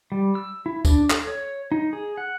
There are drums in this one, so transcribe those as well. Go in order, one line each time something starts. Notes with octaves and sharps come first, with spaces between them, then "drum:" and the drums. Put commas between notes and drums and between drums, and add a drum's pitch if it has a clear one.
G3
E6
E4
D4, drum: kick, tambourine
A4, drum: clap
C#5
D#4
G#4
F#5